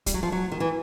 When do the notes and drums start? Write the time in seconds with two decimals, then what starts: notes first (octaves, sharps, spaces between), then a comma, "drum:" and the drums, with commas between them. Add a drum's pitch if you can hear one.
0.06 G3, drum: kick, hi-hat
0.14 F#3
0.23 F3
0.32 F#3
0.52 D#3
0.60 E3